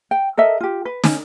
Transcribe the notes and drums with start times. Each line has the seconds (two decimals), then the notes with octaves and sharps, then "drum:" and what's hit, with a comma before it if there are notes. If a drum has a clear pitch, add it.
0.11 G5
0.37 A4 A#4 D#5 E5
0.60 F4 G4
0.85 B4
1.04 C#4 D#4, drum: snare